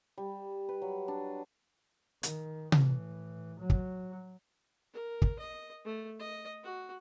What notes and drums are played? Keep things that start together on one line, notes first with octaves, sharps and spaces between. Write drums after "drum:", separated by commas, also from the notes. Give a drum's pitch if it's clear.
G3
B4
F#3
D4
D#3, drum: hi-hat
A2 E3, drum: tom C3
F#3
drum: kick
A#4
drum: kick
D#5
A3
D#5
F#4